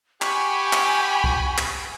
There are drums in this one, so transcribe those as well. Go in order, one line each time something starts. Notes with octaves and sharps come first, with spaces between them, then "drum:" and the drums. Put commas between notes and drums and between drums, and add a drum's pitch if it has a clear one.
G4 F#5 G#5 B5 C#6, drum: clap
drum: clap
drum: kick C2
drum: clap